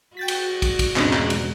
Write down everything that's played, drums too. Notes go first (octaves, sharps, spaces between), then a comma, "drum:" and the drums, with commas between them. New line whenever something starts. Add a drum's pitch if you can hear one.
F#4 G5 A6 B6
drum: cymbal
drum: kick, cymbal
drum: kick, cymbal
E1 G#2 C#3 C4 D4 D#5, drum: clap
drum: clap
drum: cymbal